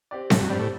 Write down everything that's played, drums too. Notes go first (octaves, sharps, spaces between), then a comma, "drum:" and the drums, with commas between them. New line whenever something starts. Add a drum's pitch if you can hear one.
C4 G4 D5
A2 G3, drum: snare C4
F#2
G2 C4 G4 D5
A2